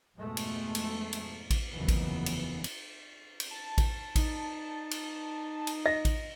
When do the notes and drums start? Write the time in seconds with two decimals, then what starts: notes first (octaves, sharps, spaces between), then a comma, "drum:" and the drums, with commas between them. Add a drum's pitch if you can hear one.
0.15 F2 G#2 B2 G#3 A3
0.37 drum: cymbal
0.75 drum: cymbal
1.13 drum: cymbal
1.50 drum: kick A1, cymbal
1.70 F1 D#2 C#3 E3 F#3 B3
1.88 drum: kick A1, cymbal
2.26 drum: cymbal
2.64 drum: cymbal
3.40 drum: cymbal
3.51 A5
3.78 drum: kick A1, cymbal
4.16 D#4, drum: kick A1, cymbal
4.91 drum: cymbal
5.67 drum: cymbal
5.86 D#5 A#6
6.05 drum: kick A1, cymbal